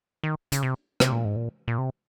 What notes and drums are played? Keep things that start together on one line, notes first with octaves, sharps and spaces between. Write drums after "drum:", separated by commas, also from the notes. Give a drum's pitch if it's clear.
D#3
C#3, drum: hi-hat
C3
C3, drum: rim click
A#2
G#2
A#2
A#2
C3